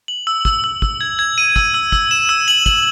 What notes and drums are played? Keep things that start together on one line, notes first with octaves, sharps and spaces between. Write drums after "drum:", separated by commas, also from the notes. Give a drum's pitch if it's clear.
F#7
E6
E6, drum: kick
E6
E6, drum: kick
G#6
G#6
D#7
E6, drum: kick
E6
E6, drum: kick
E7
E6
F#7
F#7, drum: kick